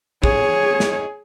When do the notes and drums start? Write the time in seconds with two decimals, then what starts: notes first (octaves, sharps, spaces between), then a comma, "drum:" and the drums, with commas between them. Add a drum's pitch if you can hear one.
0.23 G#4 C#5, drum: kick
0.80 drum: snare